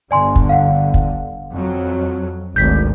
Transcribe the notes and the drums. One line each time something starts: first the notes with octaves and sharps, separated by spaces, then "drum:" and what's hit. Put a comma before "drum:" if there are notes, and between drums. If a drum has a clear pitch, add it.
G1 D3 D5 G#5 C6
drum: kick
F5 F#5
drum: kick
F2 F#3
G#1 D2 G6 B6